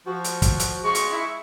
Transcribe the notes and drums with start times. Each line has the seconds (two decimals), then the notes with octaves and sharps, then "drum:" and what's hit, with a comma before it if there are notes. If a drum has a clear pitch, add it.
0.07 F3 F#4
0.24 drum: hi-hat
0.42 drum: kick, hi-hat
0.60 drum: hi-hat
0.84 G#3 C#6
0.95 drum: hi-hat
1.11 E4